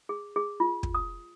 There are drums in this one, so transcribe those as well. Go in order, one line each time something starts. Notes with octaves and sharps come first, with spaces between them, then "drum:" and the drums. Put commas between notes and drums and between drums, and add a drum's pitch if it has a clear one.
G#4
G#4
F4
drum: kick
D#6